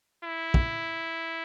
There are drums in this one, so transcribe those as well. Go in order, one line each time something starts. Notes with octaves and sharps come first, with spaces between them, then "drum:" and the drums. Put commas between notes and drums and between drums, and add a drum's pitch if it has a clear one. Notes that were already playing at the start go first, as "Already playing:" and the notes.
E4
drum: kick